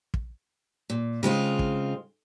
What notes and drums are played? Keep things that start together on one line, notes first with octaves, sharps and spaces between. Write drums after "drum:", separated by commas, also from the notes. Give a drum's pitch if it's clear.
drum: kick
A#2
C#3 G#3 C4 F4
drum: kick